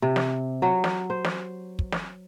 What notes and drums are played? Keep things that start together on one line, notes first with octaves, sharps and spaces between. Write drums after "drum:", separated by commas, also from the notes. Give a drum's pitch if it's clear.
C3
drum: snare
F#3
drum: snare
C5
drum: snare
drum: kick
drum: snare